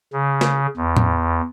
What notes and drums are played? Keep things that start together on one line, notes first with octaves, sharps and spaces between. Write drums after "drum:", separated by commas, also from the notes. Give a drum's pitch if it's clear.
C#3
drum: snare
E2
drum: tom A2